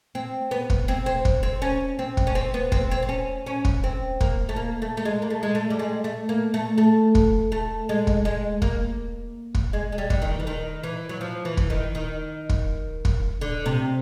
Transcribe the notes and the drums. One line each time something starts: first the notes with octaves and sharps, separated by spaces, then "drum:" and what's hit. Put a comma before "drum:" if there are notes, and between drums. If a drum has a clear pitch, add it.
C4
B3
drum: kick
C4
C4
drum: kick
C4
C#4
C4
drum: kick
C#4
C4
B3
C4, drum: kick
C4
C4
C#4
C#4
drum: kick
C4
A#3, drum: kick
A3
A#3
A3
A3
G#3
A#3
A3
G#3
A3
G3
G#3
A3
A#3
A3
A3
drum: kick
A3
G#3
drum: kick
G#3
A#3, drum: kick
drum: kick
G#3
G#3
G3
D3, drum: kick
D#3
E3
D#3
E3
F#3
F3
E3
drum: kick
D#3
D#3
drum: kick
drum: kick
D3
C3